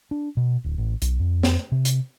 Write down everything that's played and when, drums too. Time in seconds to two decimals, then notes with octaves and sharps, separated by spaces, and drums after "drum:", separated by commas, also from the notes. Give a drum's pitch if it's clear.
0.11 D4
0.37 B2
0.64 D1
0.78 A1
1.02 B1, drum: hi-hat
1.19 F2
1.43 drum: snare
1.72 C3
1.85 drum: hi-hat